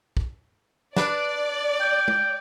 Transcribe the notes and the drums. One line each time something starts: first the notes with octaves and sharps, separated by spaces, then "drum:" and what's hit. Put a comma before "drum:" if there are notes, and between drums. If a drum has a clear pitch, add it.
drum: kick
D4 B4 D5, drum: snare
G5
drum: tom G#3